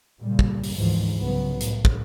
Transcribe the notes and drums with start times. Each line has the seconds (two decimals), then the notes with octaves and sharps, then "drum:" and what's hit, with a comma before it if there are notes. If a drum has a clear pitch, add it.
0.21 A#2 C#3 G3
0.39 drum: kick
0.63 drum: open hi-hat
0.75 D2 G#2 E3 F3
1.16 C2 C#3 F#3 B3
1.60 A2, drum: hi-hat
1.85 drum: kick